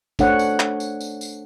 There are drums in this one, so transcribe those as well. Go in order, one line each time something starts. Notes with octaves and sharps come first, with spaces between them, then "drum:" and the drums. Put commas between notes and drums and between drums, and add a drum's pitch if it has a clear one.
A3 D4 A4 C5 C#5 F#5, drum: kick, tambourine
drum: tambourine
drum: clap
drum: tambourine
drum: tambourine
drum: tambourine